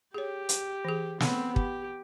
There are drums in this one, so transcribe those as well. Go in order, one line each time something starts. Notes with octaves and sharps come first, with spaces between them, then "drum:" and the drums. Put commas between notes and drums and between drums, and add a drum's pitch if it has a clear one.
G4 G#4 C#5
drum: hi-hat
E3 G#4
B3 C4, drum: snare
G4, drum: kick